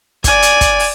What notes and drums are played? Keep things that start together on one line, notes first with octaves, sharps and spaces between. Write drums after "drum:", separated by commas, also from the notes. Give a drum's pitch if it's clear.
D5 G#5, drum: kick, hi-hat
drum: hi-hat
drum: kick, hi-hat
drum: open hi-hat